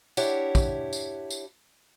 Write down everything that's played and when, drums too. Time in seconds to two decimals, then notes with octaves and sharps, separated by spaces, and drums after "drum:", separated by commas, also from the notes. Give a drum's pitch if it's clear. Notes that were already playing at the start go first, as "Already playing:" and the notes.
0.17 D4 E4 G4 C#5 F#5, drum: tambourine
0.55 drum: kick, tambourine
0.93 drum: tambourine
1.30 drum: tambourine